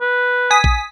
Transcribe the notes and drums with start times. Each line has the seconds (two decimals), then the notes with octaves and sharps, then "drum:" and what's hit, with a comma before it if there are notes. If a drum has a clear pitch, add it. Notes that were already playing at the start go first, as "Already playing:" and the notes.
0.01 B4
0.50 G#5 D#6 B6
0.64 drum: kick